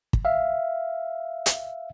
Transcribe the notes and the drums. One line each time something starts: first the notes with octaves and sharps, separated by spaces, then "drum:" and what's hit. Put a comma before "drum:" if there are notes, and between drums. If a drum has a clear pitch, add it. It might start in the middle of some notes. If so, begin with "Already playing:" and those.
drum: kick
E5 F5
drum: hi-hat